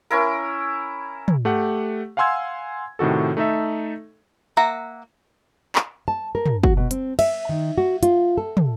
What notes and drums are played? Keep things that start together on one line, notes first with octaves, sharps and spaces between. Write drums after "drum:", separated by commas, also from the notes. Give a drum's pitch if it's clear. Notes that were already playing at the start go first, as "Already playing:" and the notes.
C#4 E4 A#4
drum: tom
A3 G4 F#5
F5 F#5 G#5 C6 E6 G#6
A2 C3 D#3 F#4 A4
A3 D#4 A4 E5
A#3 E5 F#5 A#5
drum: clap
A5
A#4
drum: tom
F#4, drum: kick
B2
C4, drum: hi-hat
E5, drum: cymbal
D#3
F#4
F4, drum: hi-hat
A4
drum: tom